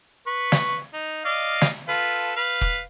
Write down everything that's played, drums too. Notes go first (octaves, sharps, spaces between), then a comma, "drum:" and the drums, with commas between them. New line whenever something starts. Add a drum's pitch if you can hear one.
B4 C#6
drum: snare
D#4
D5 D#5 F5
drum: snare
F4 A4 B4
B4 F5
drum: kick